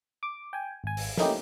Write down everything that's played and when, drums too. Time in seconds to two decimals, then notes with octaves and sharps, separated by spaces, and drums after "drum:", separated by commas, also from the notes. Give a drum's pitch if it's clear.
0.23 D6
0.53 G5 G#5
0.84 G#1 G#5
0.97 drum: open hi-hat
1.17 A3 A#3 C#4 D#4 E4 G4, drum: snare